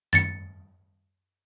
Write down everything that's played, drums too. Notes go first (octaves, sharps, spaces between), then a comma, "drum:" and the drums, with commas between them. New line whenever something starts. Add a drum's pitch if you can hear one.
A6 C#7, drum: tom F#2